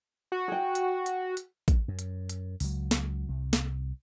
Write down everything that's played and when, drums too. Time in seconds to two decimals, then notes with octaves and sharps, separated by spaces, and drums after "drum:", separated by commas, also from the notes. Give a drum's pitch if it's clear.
0.32 F#4
0.48 G#4 G5
0.75 drum: hi-hat
1.06 drum: hi-hat
1.37 drum: hi-hat
1.68 drum: kick, hi-hat
1.88 F#2
1.99 drum: hi-hat
2.29 drum: hi-hat
2.60 C#2 F#3, drum: open hi-hat
2.91 drum: snare
3.28 C2
3.53 drum: snare